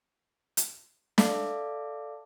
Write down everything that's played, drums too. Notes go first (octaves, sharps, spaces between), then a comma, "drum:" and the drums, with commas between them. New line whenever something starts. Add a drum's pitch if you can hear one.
drum: hi-hat
A4 D5 E5 F5 A5 D6, drum: snare